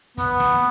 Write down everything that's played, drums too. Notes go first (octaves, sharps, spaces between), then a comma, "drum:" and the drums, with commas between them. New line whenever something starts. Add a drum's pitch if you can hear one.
B3, drum: kick, hi-hat
drum: snare